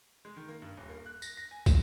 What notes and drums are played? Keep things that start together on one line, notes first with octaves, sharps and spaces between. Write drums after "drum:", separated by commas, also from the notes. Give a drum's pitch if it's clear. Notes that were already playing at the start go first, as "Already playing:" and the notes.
G#3
D#3
A#3
G2
D#1
A#3
F#6
A#6, drum: tambourine
A#6
G#5
E7, drum: kick, tambourine